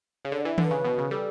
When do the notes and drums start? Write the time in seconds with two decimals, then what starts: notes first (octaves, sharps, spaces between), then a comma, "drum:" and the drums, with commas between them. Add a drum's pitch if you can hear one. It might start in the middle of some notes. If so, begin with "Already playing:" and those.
0.25 C#3
0.32 D3 C#5
0.41 E3 D5
0.58 D3 B4, drum: tom D#3
0.71 C#3
0.85 B2
0.98 C#3
1.11 G3 A4